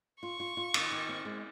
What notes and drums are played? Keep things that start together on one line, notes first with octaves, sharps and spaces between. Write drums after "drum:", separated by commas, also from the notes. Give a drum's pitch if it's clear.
F4 C#6
F4
F4
D#3, drum: cymbal
D#3
C4
G#3